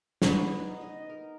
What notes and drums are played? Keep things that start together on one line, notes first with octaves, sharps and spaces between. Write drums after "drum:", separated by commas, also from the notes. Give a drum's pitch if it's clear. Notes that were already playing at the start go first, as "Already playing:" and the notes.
B3, drum: snare
D#4
D#5
A#4